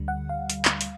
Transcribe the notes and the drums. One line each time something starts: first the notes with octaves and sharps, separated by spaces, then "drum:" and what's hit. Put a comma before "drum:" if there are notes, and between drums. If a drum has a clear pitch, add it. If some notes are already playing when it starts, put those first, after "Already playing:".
Already playing: D2 D3 G3
F#5
F5
drum: hi-hat
drum: clap
drum: hi-hat